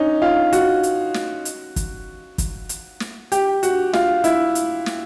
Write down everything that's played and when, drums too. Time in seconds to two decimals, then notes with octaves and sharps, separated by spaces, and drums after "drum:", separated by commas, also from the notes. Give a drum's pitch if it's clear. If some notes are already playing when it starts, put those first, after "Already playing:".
Already playing: C#4 D#4
0.22 F4
0.53 F#4, drum: hi-hat
0.83 drum: hi-hat
1.14 drum: snare
1.45 drum: hi-hat
1.76 drum: kick, hi-hat
2.38 drum: kick, hi-hat
2.69 drum: hi-hat
3.00 drum: snare
3.32 G4, drum: hi-hat
3.63 F#4, drum: hi-hat
3.93 F4, drum: snare
4.24 E4, drum: hi-hat
4.55 drum: hi-hat
4.86 drum: snare